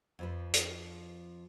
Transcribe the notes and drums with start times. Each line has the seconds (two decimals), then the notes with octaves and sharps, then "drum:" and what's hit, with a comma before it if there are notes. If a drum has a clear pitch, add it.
0.19 F2 F3 B4
0.54 drum: hi-hat